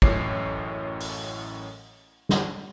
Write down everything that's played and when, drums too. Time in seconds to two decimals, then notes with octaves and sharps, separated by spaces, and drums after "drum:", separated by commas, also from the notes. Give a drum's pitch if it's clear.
0.02 A1 F#2 A2 C#5 D6 C7, drum: kick
1.00 drum: open hi-hat
2.29 drum: snare